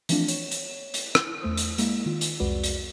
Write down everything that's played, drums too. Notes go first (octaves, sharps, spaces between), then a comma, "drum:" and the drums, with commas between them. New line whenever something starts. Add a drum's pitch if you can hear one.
E3 F3 A3 C4 D4 F4, drum: hi-hat
C#5 E7, drum: hi-hat
drum: hi-hat
drum: hi-hat
drum: rim click
E2 A3 C5 D#6
drum: hi-hat
G#3 A#3 E4, drum: hi-hat
D#3 F4
drum: hi-hat
C2 F2 G#3 F#4 B4 D5
drum: hi-hat